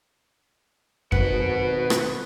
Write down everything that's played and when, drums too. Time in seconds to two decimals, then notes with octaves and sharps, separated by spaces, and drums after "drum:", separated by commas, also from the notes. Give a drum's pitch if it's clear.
1.12 G#1 B2 B4 F#5, drum: kick F2
1.90 drum: rim click